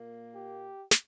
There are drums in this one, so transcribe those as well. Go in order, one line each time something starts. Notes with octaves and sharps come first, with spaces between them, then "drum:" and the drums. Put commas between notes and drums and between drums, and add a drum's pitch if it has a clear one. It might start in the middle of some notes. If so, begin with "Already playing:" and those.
Already playing: A#2 A#3
G4
drum: snare